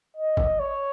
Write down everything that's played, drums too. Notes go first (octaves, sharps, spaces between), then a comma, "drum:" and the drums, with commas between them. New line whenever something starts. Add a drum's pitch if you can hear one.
D#5
drum: kick G1
C#5